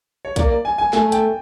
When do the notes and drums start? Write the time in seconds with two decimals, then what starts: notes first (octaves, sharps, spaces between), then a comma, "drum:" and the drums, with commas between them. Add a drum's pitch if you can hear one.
0.25 C#5
0.36 A#3 D5, drum: kick B1, hi-hat
0.50 D5
0.65 G#5
0.78 G#5
0.93 A3 G#5, drum: snare
1.12 G5, drum: hi-hat